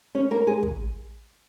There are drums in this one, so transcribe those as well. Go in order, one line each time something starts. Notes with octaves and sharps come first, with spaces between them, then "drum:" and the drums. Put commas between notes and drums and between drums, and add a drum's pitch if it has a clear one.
C#4 C#5
A#3 A#4
G#3 G#4
drum: kick